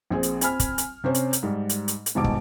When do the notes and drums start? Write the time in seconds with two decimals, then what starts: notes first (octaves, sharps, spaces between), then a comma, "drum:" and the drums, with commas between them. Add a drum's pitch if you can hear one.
0.11 A#1 C4 G#4
0.23 drum: hi-hat
0.41 C4 G#5 B5 F6, drum: hi-hat
0.60 drum: kick, hi-hat
0.78 drum: hi-hat
1.04 C3 C4 C#4 C5
1.14 drum: hi-hat
1.33 drum: hi-hat
1.43 G#2 G3
1.69 drum: hi-hat
1.88 drum: hi-hat
2.06 drum: hi-hat
2.15 D#1 G#2 B2 A5 D6
2.24 drum: kick